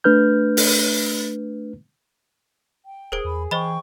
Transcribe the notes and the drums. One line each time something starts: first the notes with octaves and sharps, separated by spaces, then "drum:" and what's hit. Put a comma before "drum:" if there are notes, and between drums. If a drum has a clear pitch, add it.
A3 D4 B4 F6 G6
drum: open hi-hat
G5
D#1 G#4 A#4 C5 D7
E2 B5
E3 C5 D#5 G5 B5 C#6